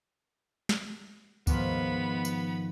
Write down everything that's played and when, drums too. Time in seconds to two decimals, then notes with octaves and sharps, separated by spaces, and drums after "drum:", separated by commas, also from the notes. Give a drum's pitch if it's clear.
0.69 drum: snare
1.47 G#2 D#3 F3 B3 B5, drum: kick C#2, tambourine
2.25 drum: tambourine